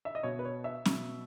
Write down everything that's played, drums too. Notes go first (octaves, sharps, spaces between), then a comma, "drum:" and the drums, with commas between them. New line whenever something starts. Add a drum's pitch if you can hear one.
E5
D#5
B2 C#5
B4
C#5
E5
B2, drum: snare